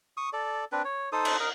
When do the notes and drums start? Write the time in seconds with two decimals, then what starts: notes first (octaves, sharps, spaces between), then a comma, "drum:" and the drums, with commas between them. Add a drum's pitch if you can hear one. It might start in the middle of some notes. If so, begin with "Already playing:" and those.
0.17 C#6 D#6
0.33 A4 D5
0.72 C4 D4 B4
0.85 C#5
1.12 D#4 A4 C5 D#6
1.25 drum: cymbal
1.40 A#4 D#5